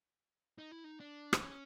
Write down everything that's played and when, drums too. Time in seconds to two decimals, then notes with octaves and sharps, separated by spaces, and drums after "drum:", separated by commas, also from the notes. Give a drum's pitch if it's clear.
0.58 D#4
0.72 E4
0.84 D#4
1.00 D4
1.33 drum: rim click
1.42 C#4